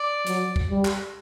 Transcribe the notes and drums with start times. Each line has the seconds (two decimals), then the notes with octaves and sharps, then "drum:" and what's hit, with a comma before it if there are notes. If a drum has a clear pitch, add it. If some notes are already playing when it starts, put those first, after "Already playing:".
Already playing: D5
0.26 F#3, drum: hi-hat
0.56 drum: kick
0.70 G3
0.85 drum: clap